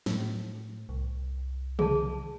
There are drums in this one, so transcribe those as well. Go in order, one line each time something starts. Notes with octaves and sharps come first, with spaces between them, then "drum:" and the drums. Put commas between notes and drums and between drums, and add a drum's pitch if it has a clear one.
A2, drum: snare
C2
G#4 A5, drum: tom